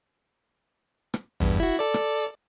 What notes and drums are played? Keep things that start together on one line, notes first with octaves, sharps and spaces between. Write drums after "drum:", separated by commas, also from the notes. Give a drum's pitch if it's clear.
drum: rim click
E2 G2, drum: tom
E4 F#4
A4 D5
drum: rim click